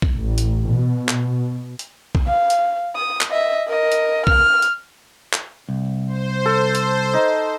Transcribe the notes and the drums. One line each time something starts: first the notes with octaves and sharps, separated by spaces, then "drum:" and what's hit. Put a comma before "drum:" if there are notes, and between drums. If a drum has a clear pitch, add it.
drum: kick B1
A1
drum: hi-hat
B2
drum: clap
drum: hi-hat
drum: kick B1
F5
drum: hi-hat
D#6
drum: clap
D#5 E5
A#4 D#5
drum: hi-hat
F6, drum: kick B1
drum: hi-hat
drum: clap
C2
C5
A4
drum: hi-hat
D#4